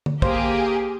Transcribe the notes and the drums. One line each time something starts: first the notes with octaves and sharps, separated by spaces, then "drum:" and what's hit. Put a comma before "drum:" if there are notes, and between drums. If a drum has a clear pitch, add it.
drum: tom
A#3 G4 G#4 C5, drum: kick